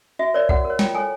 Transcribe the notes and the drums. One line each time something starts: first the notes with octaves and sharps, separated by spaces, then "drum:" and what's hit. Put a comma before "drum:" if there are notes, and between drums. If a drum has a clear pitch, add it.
F#4 E5
A#4 C#5 D5
F#4 F#5, drum: kick C2
A#4
C#5
F4 G5, drum: snare
A4 C#5 G#5